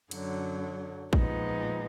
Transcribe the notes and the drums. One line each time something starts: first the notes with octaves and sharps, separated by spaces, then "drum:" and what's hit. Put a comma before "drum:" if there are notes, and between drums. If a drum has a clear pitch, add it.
F#2 D3 F#3, drum: cymbal
A#2 F3 G#3 B3 D#4, drum: kick